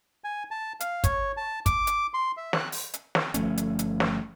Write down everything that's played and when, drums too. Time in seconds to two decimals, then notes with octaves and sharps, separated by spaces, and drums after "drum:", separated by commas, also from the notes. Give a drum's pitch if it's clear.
0.24 G#5
0.51 A5
0.80 F5, drum: hi-hat
1.04 C#5, drum: kick, hi-hat
1.37 A5
1.66 D6, drum: kick, hi-hat
1.87 drum: hi-hat
2.14 C6
2.37 E5
2.53 F#6, drum: snare
2.72 drum: open hi-hat
2.94 drum: hi-hat
3.15 drum: snare
3.34 G1 F3 A3 C#4, drum: hi-hat
3.58 drum: hi-hat
3.79 drum: hi-hat
4.00 drum: snare